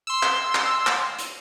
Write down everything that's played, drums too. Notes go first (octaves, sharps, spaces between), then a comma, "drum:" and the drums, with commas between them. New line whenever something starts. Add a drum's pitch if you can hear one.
C6 E6
drum: clap
drum: clap
drum: clap
drum: hi-hat